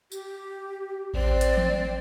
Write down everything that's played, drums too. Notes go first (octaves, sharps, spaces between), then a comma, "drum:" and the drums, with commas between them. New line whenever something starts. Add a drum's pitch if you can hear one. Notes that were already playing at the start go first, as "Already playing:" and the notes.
G4, drum: tambourine
C4 D5, drum: kick A1
drum: hi-hat
drum: tom E3